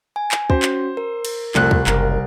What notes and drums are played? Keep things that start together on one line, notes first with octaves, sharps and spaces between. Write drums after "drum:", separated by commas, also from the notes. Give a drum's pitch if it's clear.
G#5
drum: clap
C#4 F#4 C5, drum: kick
drum: clap
A#4
drum: cymbal
C2 F2 A3 F#6, drum: clap
drum: kick
F#1 A#4, drum: clap